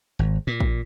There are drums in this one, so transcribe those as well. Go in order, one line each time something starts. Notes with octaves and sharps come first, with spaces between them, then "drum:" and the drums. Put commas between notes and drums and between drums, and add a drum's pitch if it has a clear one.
G#1
A#2
drum: kick A1